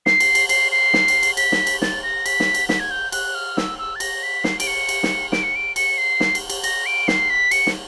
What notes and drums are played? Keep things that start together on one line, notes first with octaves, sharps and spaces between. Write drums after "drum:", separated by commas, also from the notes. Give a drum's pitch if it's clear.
C7, drum: snare
drum: cymbal
drum: cymbal
C7, drum: cymbal
C7
drum: snare
drum: cymbal
drum: cymbal
B6, drum: cymbal
drum: snare
drum: cymbal
A6, drum: snare
A#6
B6, drum: cymbal
drum: snare
drum: cymbal
B6, drum: snare
G#6
G6
F#6, drum: cymbal
F6
E6, drum: snare
E6
A6
A#6, drum: cymbal
B6
C7, drum: snare
D7, drum: cymbal
C#7
drum: cymbal
drum: snare
D7, drum: snare
C#7
D7
C#7, drum: cymbal
C7
drum: snare
drum: cymbal
drum: cymbal
A#6, drum: cymbal
D7
C7, drum: snare
B6
C#7, drum: cymbal
drum: snare